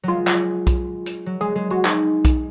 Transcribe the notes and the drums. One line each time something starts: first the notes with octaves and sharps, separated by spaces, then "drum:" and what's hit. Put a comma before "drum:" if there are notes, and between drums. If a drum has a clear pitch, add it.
F#3 G#3 F4
drum: clap
drum: kick B1, hi-hat
drum: hi-hat
F#3 F#4
G#3 G#4
G#3
G#3 F#4
D#4, drum: clap
drum: kick B1, hi-hat